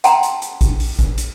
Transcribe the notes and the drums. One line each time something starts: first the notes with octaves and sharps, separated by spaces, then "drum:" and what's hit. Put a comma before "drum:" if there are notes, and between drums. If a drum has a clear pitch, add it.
F#5 G5 A5 A#5 C6, drum: hi-hat
drum: hi-hat
drum: hi-hat
drum: kick, hi-hat
drum: open hi-hat
drum: kick, hi-hat
drum: hi-hat